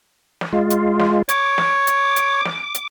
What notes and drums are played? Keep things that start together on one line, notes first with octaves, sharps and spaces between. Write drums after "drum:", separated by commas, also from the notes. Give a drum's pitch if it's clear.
drum: snare
G#3 F4
drum: hi-hat
drum: snare
C#5 D6, drum: hi-hat
drum: snare
drum: hi-hat
drum: hi-hat
drum: snare
drum: hi-hat